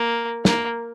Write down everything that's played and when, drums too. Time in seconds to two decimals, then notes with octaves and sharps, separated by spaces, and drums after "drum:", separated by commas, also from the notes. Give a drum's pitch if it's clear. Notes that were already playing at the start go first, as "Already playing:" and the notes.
Already playing: A#3
0.45 A#3, drum: snare